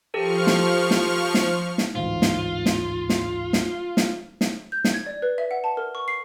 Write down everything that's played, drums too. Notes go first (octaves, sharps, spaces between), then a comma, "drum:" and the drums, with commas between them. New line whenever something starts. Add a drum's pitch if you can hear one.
F3 G4 A4 A#4 C#6 F6
drum: snare
drum: snare
drum: snare
drum: snare
A1 D2 G#2 F4
drum: snare
drum: snare
drum: snare
drum: snare
drum: snare
drum: snare
G6
drum: snare
G#6
D5
B4
E5
F#5
A5
A#4
C#6
C7